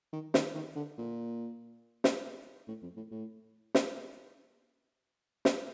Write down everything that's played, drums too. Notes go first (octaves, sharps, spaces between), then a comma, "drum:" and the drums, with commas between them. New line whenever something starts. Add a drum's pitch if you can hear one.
D#3
D#3, drum: snare
D#3
D3
A#2
drum: snare
A2
F2
A2
A2
drum: snare
drum: snare